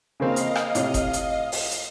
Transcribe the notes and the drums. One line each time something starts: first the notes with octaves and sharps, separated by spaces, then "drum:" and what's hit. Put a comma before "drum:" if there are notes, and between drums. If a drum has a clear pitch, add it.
C#3 A#3 C4 D#5 F5
drum: hi-hat
drum: rim click
A2 C3, drum: hi-hat
drum: kick F#1, hi-hat
drum: hi-hat
drum: open hi-hat
drum: hi-hat